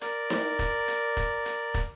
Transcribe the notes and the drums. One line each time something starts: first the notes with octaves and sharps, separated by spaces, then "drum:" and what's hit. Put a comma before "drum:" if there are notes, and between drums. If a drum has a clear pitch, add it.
A#4 D5, drum: hi-hat
drum: snare D#4
drum: kick, hi-hat
drum: hi-hat
drum: kick, hi-hat
drum: hi-hat
drum: kick, hi-hat